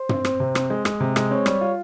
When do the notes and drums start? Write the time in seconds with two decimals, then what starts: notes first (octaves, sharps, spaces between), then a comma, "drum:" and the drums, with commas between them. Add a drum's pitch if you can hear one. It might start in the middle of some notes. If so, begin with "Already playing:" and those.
Already playing: C5
0.09 C4, drum: tom
0.25 C4, drum: rim click
0.40 C3
0.55 C4, drum: rim click
0.70 G#3
0.85 G#3, drum: rim click
1.00 C3
1.16 G#3, drum: rim click
1.31 C4 C#5
1.46 G3, drum: rim click
1.61 F4